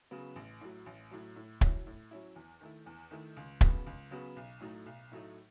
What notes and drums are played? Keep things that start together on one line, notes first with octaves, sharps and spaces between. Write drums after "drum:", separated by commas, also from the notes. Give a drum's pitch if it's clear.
C#3 F#3 B3
A1
A2 F#3
A1
A2 F#3
A2
F#3 C#4 E4, drum: kick
A2
F#3 C#4 E4
E2
D#3 A3 E4
E2
D#3 A3 E4
C#2
C#3 F#3 B3, drum: kick
C#2
C#3 F#3 B3
B1
A2 F#3 A3 D#4
B1
A2 F#3 A3 D#4